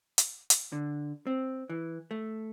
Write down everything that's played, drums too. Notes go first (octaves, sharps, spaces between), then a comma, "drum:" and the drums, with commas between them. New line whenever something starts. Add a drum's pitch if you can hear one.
drum: hi-hat
drum: hi-hat
D3
C4
E3
A3